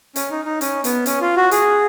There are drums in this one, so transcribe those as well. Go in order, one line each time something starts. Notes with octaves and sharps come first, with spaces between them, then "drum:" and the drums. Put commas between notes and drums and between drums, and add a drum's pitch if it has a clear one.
C#4, drum: hi-hat
D#4
D#4
C#4, drum: hi-hat
B3, drum: hi-hat
C#4, drum: hi-hat
F4
F#4
G#4, drum: hi-hat